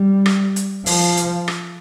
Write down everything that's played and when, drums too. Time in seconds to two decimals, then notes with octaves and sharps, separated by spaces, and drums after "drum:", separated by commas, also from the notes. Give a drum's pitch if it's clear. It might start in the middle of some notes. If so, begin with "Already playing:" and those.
Already playing: G3
0.26 drum: rim click
0.56 drum: hi-hat
0.86 F3, drum: open hi-hat
1.17 drum: hi-hat
1.48 drum: rim click